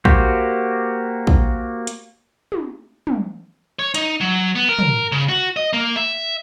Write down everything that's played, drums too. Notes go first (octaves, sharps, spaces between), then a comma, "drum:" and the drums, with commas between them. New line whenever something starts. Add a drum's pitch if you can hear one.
A#3 F#4 G4 C5, drum: kick
drum: kick
drum: hi-hat
drum: tom
drum: tom
C#5
D#4, drum: hi-hat
F#3
B3
A#4
drum: tom
C#3
F#4
D#5
A#3
E5